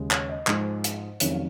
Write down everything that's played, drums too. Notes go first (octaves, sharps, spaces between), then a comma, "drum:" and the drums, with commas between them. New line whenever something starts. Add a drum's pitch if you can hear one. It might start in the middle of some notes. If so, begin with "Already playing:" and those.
Already playing: D#2 C#3 G#3
C#5, drum: clap
D#5
G#2 F3 G#3 D#4, drum: clap
drum: hi-hat
F1 F2 D#3 F#3 C#4 C#5, drum: hi-hat
F5